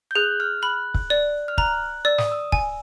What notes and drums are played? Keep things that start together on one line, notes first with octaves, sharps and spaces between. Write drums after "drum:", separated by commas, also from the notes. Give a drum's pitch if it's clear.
G6
G#4 F#6
F6
B5 F#6
drum: kick
D5
F6
A#5 F#6, drum: kick
D5 E6
D#6, drum: snare
E6
G#5, drum: kick